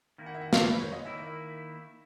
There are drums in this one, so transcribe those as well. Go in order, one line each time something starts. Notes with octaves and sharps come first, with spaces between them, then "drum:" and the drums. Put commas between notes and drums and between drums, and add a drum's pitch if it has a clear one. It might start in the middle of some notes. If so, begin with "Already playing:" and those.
D#3 A#3 E4
F#5
E5
F#5
drum: snare
B4
C#5
D#5
D#3 A#3 E4 E5